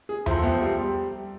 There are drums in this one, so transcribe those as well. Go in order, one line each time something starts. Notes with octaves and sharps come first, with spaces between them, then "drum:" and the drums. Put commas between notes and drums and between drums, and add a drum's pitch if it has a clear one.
G#4
C3 F3 A3 C4 E4, drum: tom E2
B3
G3
G3